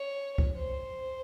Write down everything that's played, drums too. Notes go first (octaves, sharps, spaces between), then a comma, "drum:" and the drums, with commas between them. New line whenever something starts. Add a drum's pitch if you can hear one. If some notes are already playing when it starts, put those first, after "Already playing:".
Already playing: C#5
drum: kick C#2
C5